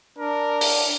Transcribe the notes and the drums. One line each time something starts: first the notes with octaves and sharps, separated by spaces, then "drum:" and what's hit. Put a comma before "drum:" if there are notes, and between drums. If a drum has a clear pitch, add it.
D4 A#4
drum: open hi-hat